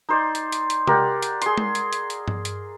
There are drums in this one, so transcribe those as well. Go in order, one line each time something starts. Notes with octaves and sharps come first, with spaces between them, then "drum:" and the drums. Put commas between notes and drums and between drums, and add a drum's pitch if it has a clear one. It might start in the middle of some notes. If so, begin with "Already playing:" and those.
D#4 C5 D5
drum: hi-hat
drum: hi-hat
drum: hi-hat
G4 A#4 D5 F#5, drum: tom C3
drum: hi-hat
G#4 C6, drum: hi-hat
drum: tom G#3
drum: hi-hat
drum: hi-hat
drum: hi-hat
drum: tom G2
drum: hi-hat